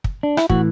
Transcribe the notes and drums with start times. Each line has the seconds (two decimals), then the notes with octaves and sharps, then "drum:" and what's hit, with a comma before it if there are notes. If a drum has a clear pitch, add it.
0.04 drum: kick
0.23 D4
0.37 E4, drum: rim click
0.50 A2 E3 F#4, drum: kick